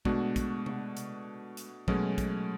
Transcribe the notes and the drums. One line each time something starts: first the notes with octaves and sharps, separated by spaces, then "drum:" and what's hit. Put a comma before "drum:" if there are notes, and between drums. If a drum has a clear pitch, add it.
B2 G#3 A3 B3 D4 F#4, drum: kick
drum: kick, hi-hat
drum: tom C3
drum: hi-hat
drum: hi-hat
B2 F#3 G#3 A3 C#4, drum: kick
drum: kick, hi-hat